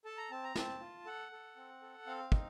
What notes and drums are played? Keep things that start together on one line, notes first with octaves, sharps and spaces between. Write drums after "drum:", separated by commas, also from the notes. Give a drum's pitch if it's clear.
A4 A5
A#5
C4 A5
A#5
C4 A5, drum: snare
F4
A4 F#5
A4
C4
A4
C4 F5
D#4, drum: kick